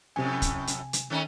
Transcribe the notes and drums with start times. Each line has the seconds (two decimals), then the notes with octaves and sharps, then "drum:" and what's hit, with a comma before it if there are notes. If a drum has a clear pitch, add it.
0.16 F2 A2 C3 G#5
0.42 drum: kick, hi-hat
0.67 drum: hi-hat
0.93 drum: hi-hat
1.10 D#3 A3 C#4